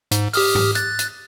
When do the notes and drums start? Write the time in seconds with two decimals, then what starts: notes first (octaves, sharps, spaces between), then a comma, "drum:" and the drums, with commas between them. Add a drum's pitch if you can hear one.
0.11 G#2, drum: hi-hat
0.33 G4 D#6 F6, drum: open hi-hat
0.55 drum: tom G#2
0.75 F#6 A6, drum: hi-hat
0.99 drum: hi-hat